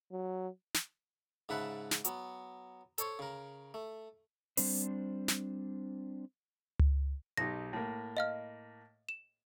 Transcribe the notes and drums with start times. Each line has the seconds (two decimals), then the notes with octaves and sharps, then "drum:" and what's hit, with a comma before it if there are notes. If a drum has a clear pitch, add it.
0.12 F#3
0.75 drum: snare
1.49 G#2 C#3 B4 E5 F#5 A5
1.91 drum: snare
2.05 F#3 B3, drum: hi-hat
2.98 A4 C5 C#5 C#6, drum: hi-hat
3.19 C#3 A#4
3.74 A3
4.57 G3 C4 D4 C5, drum: open hi-hat
5.28 drum: snare
6.79 drum: tom C#2
7.37 B1 D#4 G4 A#6
7.73 A2 A#3
8.17 D#5 F5 F6
9.09 E7